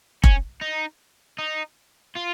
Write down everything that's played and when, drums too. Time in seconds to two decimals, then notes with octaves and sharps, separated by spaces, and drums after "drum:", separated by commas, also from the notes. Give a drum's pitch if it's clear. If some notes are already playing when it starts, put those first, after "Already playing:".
0.24 C#4, drum: kick F1
0.62 D#4
1.39 D#4
2.15 F4